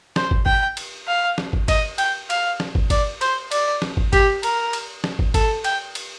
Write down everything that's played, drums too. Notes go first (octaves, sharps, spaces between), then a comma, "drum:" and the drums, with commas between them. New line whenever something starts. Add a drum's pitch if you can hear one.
C5, drum: snare
drum: kick
G5, drum: kick
drum: cymbal
F5
drum: snare
drum: kick
D#5, drum: kick, cymbal
G5, drum: cymbal
F5, drum: cymbal
drum: snare
drum: kick
D5, drum: kick, cymbal
C5, drum: cymbal
D5, drum: cymbal
drum: snare
drum: kick
G4, drum: kick, cymbal
A#4, drum: cymbal
drum: cymbal
drum: snare
drum: kick
A4, drum: kick, cymbal
G5, drum: cymbal
drum: cymbal